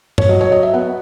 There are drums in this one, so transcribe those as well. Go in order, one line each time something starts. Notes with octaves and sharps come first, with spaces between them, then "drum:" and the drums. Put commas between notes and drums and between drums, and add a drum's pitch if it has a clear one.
C#5, drum: tom G2
F#3 D#5
C#5
D#5
E5
B3 F#5